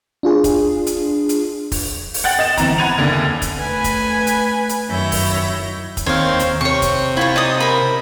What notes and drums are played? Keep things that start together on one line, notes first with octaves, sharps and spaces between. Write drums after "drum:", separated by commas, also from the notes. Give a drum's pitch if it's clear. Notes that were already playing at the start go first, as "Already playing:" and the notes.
D4 F4 G#4
drum: kick, hi-hat
drum: hi-hat
drum: hi-hat
drum: kick, open hi-hat
drum: open hi-hat
F#5 G5 A6 F#7
D#5 A6 E7
G1 E3 C4 A#5, drum: kick, hi-hat
F#5 B5 G#6 D#7 F7
F#1 D#2 D3 A6
drum: kick, hi-hat
A3 B4 G#5 B5
drum: kick, hi-hat
drum: hi-hat
drum: hi-hat
F#2 D#3 E4 C#5 G6 A#6
drum: kick, open hi-hat
drum: kick, hi-hat
D#2 C4 C#5 F5
drum: hi-hat
C3 C#5 C#6
drum: kick, hi-hat
E4 F4 C#5
D#4 D5 D#6
A#4 B5